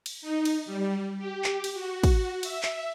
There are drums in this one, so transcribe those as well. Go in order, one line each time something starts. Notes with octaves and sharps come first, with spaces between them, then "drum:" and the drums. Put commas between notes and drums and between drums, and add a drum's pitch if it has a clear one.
drum: cymbal
D#4
drum: cymbal
G3
G4
drum: clap
drum: cymbal
F#4
drum: kick, cymbal
E5, drum: cymbal
drum: clap